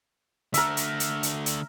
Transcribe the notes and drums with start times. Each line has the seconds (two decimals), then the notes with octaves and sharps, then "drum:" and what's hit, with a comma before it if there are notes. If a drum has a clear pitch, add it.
0.54 D3 A3 A#4 E5, drum: hi-hat
0.77 drum: hi-hat
1.00 drum: hi-hat
1.23 drum: hi-hat
1.46 drum: hi-hat